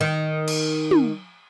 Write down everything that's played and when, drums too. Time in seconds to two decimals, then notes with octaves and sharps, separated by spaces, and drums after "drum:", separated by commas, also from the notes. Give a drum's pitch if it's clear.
0.01 D#3
0.48 drum: cymbal
0.91 drum: tom